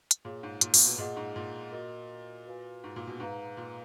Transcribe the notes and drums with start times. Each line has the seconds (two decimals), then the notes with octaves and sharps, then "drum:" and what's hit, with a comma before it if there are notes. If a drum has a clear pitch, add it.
0.11 drum: hi-hat
0.25 A#2 G#4 C#5 F5
0.43 G#2
0.61 A#2, drum: hi-hat
0.74 A#2, drum: open hi-hat
0.85 B2
0.98 A#2 G#4 D#5 F#5
1.16 G#2
1.36 A#2
1.72 F#4 A#4 D#5
2.46 F#4 B4 F5 G#5
2.84 G#2
2.96 A#2
3.07 B2
3.20 G#2 B4 F5 A#5
3.57 A#2